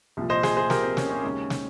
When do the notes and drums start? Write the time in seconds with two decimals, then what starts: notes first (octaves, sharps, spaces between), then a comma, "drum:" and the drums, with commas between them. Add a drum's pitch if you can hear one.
0.17 C2 A#2 F3
0.30 C5 D#5
0.43 G#4 C5, drum: snare
0.57 G#4 C5
0.70 G4 A#4, drum: snare
0.83 C4
0.97 C#4, drum: snare
1.10 C#4
1.23 D#2 C#3 G#3 C#4
1.50 drum: snare